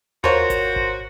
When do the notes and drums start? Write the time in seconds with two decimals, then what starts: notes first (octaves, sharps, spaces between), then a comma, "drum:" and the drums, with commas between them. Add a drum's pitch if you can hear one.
0.24 F4 F#4 A#4 C5 C#5, drum: tom D#2
0.50 drum: kick G#1, hi-hat
0.76 drum: kick G#1